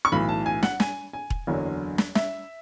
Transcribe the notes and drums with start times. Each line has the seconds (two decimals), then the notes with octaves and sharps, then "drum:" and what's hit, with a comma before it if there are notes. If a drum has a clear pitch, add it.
0.05 C#6
0.12 B1 A2 E3 B5
0.29 A5
0.46 G#5
0.63 F#5, drum: snare
0.80 G#5, drum: snare
1.13 G#5
1.30 drum: kick E1
1.47 F#1 E2 D3 F#3
1.98 drum: snare
2.15 E5, drum: snare